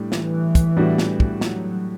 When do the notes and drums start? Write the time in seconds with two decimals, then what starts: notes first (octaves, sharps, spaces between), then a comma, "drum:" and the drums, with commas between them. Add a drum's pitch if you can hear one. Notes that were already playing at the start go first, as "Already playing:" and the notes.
Already playing: A2 G3 D4
0.12 E3, drum: snare
0.55 drum: kick, hi-hat
0.76 A2 G3 B3 D4 F#4
0.98 drum: snare
1.20 drum: kick
1.41 F#3, drum: snare